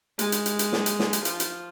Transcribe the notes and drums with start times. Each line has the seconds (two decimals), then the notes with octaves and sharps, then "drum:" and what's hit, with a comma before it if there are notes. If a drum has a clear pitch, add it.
0.19 G#3, drum: hi-hat
0.32 drum: hi-hat
0.46 drum: hi-hat
0.59 drum: hi-hat
0.73 drum: snare
0.86 drum: hi-hat
0.99 drum: snare
1.13 drum: hi-hat
1.25 F3, drum: hi-hat
1.40 drum: hi-hat